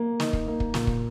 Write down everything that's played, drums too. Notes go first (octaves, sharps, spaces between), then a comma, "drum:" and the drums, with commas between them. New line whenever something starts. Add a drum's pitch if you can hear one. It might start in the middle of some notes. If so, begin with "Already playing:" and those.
Already playing: A#3
D#4, drum: snare
drum: kick
A#3
drum: kick
A#2, drum: snare
drum: kick